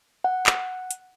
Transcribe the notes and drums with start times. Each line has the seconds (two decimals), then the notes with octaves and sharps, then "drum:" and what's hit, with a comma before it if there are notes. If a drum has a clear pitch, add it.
0.24 F#5
0.46 drum: clap
0.91 drum: hi-hat